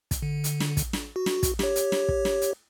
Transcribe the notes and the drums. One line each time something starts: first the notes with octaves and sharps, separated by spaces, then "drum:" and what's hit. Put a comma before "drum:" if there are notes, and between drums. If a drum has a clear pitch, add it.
drum: kick, hi-hat
D3
drum: hi-hat
drum: snare
drum: kick, hi-hat
drum: snare
F#4
drum: snare
drum: kick, hi-hat
G4 C#5, drum: snare
drum: hi-hat
drum: snare
drum: kick
drum: snare
drum: hi-hat